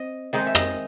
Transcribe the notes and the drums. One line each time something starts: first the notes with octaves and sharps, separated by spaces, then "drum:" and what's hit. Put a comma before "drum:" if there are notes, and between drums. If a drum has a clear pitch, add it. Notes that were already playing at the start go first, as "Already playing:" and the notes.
Already playing: C4 D#5
D#3 G#3 C4 D#4
E5
D#5, drum: rim click